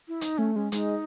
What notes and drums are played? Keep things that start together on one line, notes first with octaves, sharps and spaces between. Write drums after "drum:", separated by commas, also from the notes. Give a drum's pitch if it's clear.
E4
D#4, drum: hi-hat
A3 C#4
G#3 C#4
G#3 D#4, drum: hi-hat